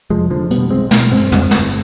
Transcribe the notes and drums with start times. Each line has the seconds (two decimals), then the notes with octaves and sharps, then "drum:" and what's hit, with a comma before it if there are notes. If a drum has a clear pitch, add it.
0.10 F1 F3 G#3
0.30 F1 D3 F3
0.51 B2 G3 B3, drum: hi-hat
0.70 B1 G#3 C4
0.91 B2, drum: snare
1.11 G2 G#3 C4
1.32 G1, drum: tom
1.51 G1, drum: snare